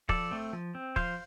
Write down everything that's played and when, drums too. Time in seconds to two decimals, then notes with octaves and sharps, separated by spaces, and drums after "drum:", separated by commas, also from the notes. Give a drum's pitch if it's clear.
0.09 F3 A4 D5, drum: kick
0.31 A3 C4
0.53 F3
0.75 C4
0.96 F3 C5 F5, drum: kick